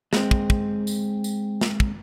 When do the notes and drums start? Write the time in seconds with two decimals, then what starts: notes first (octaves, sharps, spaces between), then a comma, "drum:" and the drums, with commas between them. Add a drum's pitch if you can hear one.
0.13 G#3 C4, drum: snare
0.31 drum: kick
0.50 drum: kick
0.87 drum: tambourine
1.24 drum: tambourine
1.61 drum: snare
1.80 drum: kick